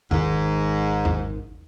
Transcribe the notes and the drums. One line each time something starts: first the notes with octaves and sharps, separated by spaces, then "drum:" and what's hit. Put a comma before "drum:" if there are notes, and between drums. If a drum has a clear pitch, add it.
G#1 G#2 D#3, drum: tom E2
drum: tom E2